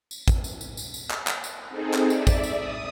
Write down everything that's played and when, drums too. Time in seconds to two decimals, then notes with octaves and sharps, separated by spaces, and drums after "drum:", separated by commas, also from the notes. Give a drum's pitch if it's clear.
0.11 drum: tambourine
0.28 drum: kick, tambourine
0.44 drum: tambourine
0.61 drum: tambourine
0.77 drum: tambourine
0.94 drum: tambourine
1.11 drum: clap
1.27 drum: clap
1.44 drum: tambourine
1.69 C4 D#4 G#4 A4
1.94 drum: clap
2.10 D5 E5, drum: tambourine
2.27 drum: kick, tambourine
2.43 drum: tambourine
2.54 D#6